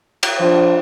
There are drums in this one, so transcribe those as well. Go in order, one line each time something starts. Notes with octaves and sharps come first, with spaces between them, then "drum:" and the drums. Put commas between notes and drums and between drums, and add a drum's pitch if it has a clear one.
drum: cymbal
F3 D4 F4 C5